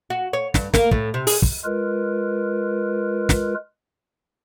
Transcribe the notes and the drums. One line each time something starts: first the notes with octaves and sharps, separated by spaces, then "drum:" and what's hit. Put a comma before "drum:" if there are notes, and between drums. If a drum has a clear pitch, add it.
F#4
C#5
G2, drum: snare
A#3, drum: snare
A2, drum: kick
C3
G#4, drum: open hi-hat
drum: kick
G#3 F4 A#4 B4
drum: snare